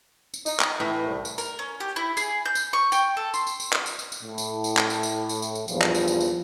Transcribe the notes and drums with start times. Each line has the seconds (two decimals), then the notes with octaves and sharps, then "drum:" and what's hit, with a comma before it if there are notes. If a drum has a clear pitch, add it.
0.34 drum: tambourine
0.46 D#4, drum: tambourine
0.60 drum: clap
0.80 A2 E3
1.06 C2
1.25 drum: tambourine
1.38 A#4, drum: tambourine
1.59 C#4
1.80 G4
1.96 E4
2.17 G#4, drum: tambourine
2.45 G6
2.55 drum: tambourine
2.73 C#6
2.92 G5, drum: tambourine
3.17 A4
3.34 C6, drum: tambourine
3.47 drum: tambourine
3.60 drum: tambourine
3.73 drum: clap
3.86 drum: tambourine
3.99 drum: tambourine
4.12 drum: tambourine
4.22 A2
4.38 drum: tambourine
4.64 drum: tambourine
4.77 drum: clap
4.90 drum: tambourine
5.03 drum: tambourine
5.29 drum: tambourine
5.42 drum: tambourine
5.55 drum: tambourine
5.68 E2 G2 A#2 F3, drum: tambourine
5.81 drum: clap
5.94 drum: tambourine
6.08 drum: tambourine
6.21 drum: tambourine